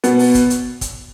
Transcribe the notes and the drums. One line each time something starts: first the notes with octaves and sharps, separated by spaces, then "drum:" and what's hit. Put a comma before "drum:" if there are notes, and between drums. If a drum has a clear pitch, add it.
B2 B3, drum: hi-hat
drum: open hi-hat
drum: kick, hi-hat
drum: hi-hat
drum: kick, hi-hat